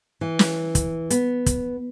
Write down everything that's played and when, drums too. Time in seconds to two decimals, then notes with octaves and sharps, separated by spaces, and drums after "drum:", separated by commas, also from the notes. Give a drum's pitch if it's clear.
0.21 E3
0.39 drum: snare
0.75 drum: kick, hi-hat
1.10 B3, drum: hi-hat
1.46 drum: kick, hi-hat